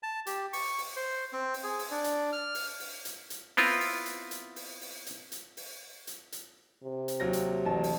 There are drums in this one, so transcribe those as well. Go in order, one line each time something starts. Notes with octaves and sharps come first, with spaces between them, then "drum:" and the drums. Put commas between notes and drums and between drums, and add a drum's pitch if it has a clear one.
A5
G4, drum: hi-hat
C#6, drum: open hi-hat
drum: open hi-hat
C5
C4
drum: open hi-hat
G#4
drum: open hi-hat
D4
drum: hi-hat
F6
drum: open hi-hat
drum: open hi-hat
drum: hi-hat
drum: hi-hat
B3 C4 E4 F4, drum: open hi-hat
drum: open hi-hat
drum: hi-hat
drum: hi-hat
drum: open hi-hat
drum: open hi-hat
drum: hi-hat
drum: hi-hat
drum: open hi-hat
drum: hi-hat
drum: hi-hat
C3
drum: hi-hat
D#2 F#3 A#6
drum: hi-hat
A1 A5
drum: open hi-hat